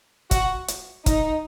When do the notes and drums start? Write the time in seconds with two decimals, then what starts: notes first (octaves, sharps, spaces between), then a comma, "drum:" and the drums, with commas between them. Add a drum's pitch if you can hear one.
0.31 F#4, drum: kick, hi-hat
0.68 drum: hi-hat
1.06 D#4, drum: kick, hi-hat